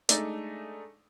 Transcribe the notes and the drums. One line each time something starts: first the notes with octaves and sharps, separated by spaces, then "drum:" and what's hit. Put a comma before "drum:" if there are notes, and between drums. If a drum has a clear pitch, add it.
G#3 A3 D4 D#4 A4 D5, drum: hi-hat